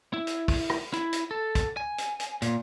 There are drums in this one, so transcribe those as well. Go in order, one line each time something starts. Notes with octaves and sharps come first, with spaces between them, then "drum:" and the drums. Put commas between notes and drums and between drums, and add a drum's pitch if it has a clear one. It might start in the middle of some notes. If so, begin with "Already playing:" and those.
E4
drum: hi-hat
drum: kick, open hi-hat
drum: rim click
E4, drum: hi-hat
drum: hi-hat
A4
drum: kick, hi-hat
G#5
drum: hi-hat
drum: hi-hat
A#2, drum: hi-hat